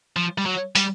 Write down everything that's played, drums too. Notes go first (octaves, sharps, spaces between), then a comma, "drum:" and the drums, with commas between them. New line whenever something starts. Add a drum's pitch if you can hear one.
F3
G3
F#3
G3, drum: hi-hat